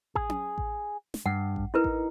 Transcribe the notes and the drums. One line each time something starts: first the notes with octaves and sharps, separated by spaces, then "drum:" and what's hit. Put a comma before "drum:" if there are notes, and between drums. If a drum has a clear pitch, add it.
G#4, drum: kick A1
drum: tom C#4
drum: kick A1
drum: snare
G2 F#5
drum: kick A1
D#4 E4 A#4 B4
drum: kick A1